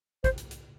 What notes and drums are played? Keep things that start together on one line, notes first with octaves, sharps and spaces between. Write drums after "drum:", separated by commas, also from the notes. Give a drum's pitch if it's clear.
C5, drum: kick, hi-hat
drum: hi-hat
drum: hi-hat